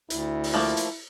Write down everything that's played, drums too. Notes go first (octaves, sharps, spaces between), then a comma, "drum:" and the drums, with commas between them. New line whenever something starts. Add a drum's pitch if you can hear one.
D2 E4, drum: hi-hat
drum: open hi-hat
F3 A3 A#3
drum: hi-hat